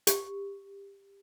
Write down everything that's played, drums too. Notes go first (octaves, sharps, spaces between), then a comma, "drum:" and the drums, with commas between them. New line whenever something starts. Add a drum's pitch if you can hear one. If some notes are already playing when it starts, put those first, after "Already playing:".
G4, drum: hi-hat